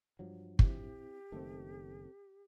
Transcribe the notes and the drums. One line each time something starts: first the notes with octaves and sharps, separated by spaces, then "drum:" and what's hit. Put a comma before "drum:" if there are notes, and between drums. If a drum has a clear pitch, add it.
G2 F3 F#3
C4 E4 G4, drum: kick
F#1 D#3 A3 C4 A4